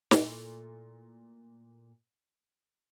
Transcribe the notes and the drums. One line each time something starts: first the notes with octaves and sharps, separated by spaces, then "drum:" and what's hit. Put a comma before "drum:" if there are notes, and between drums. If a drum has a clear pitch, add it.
A#2 A3 E4, drum: snare